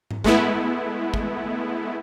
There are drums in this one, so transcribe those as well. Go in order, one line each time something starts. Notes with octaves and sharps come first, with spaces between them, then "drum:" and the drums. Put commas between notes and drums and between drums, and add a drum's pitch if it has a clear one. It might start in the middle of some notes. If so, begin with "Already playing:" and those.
drum: tom G#2
G#3 A3 B3 E4, drum: kick
drum: kick